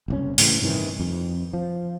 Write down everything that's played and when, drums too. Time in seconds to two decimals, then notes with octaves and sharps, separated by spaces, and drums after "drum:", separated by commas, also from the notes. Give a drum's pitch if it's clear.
0.08 F#1 C2 C#4
0.38 A2 C#3 E3, drum: open hi-hat
0.62 G2 C3 D#3 E3
1.00 F2
1.53 F3